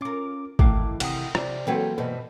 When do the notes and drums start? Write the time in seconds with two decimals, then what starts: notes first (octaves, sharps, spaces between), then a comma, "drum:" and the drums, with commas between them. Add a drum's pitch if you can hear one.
0.01 C#4 F4 A#4 D6
0.59 G#1 A2 D#3 E3 F5 D6, drum: kick G#1
1.00 C3 F#5 G5 D#6, drum: cymbal
1.35 C3 C5 D5, drum: rim click
1.67 E3 F#3 A#3 C4 G#4 A4 B4 G5
1.98 G2 B2 G3 C4 B4